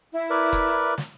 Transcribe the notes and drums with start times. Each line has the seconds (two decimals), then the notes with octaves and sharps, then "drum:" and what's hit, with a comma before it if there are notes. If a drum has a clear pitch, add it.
0.13 E4
0.30 A#4 B4 D5
0.53 drum: kick F1, hi-hat
0.98 drum: snare